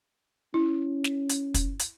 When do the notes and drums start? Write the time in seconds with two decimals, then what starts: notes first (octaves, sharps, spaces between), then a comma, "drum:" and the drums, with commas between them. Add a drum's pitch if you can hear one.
0.54 C#4 E4
1.04 drum: snare
1.29 drum: hi-hat
1.54 drum: kick, hi-hat
1.79 drum: hi-hat